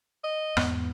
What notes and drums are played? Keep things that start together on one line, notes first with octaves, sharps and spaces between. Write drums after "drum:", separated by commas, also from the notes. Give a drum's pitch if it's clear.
D#5
E2 G#2 B3, drum: rim click